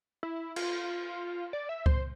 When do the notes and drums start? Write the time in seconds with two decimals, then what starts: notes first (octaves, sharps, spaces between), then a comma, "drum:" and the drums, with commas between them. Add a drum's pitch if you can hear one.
0.23 E4
0.56 F4, drum: cymbal
1.53 D5
1.69 E5
1.86 C5, drum: kick C#2